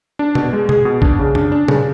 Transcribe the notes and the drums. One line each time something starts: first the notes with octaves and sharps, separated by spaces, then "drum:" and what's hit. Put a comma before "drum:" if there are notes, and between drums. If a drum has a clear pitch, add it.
D4
B2, drum: tom B2
G#3
G#4, drum: tom B2
B2
D4, drum: kick B1
C#3
D4, drum: tom
D4
C#3, drum: tom A#2